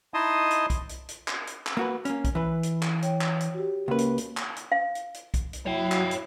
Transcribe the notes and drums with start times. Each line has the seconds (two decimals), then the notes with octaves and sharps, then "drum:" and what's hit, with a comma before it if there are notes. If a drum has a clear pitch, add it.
0.14 D#4 E4 D#5 A5 C6 D#6
0.51 drum: hi-hat
0.70 drum: kick B1, hi-hat
0.89 drum: hi-hat
1.09 drum: hi-hat
1.28 drum: clap
1.47 drum: hi-hat
1.67 drum: clap
1.77 A#3 F#4 B4
2.05 A#3 C#4, drum: hi-hat
2.25 drum: kick B1, hi-hat
2.35 E3 B4
2.63 drum: hi-hat
2.82 drum: clap
3.02 C#5 G5, drum: hi-hat
3.21 drum: clap
3.40 drum: hi-hat
3.54 F#4 G4
3.88 C#2 A#3 C#4 A#4 B4
3.98 drum: hi-hat
4.18 drum: hi-hat
4.37 drum: clap
4.56 drum: hi-hat
4.72 F5
4.95 drum: hi-hat
5.14 drum: hi-hat
5.34 drum: kick B1, hi-hat
5.53 drum: hi-hat
5.66 F#3 E4 C#5 G5
5.92 drum: clap
6.11 drum: hi-hat